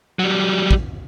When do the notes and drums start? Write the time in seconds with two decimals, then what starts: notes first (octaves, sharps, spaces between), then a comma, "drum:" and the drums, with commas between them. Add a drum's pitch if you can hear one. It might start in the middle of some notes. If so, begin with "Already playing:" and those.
0.19 F#3 G3
0.71 drum: kick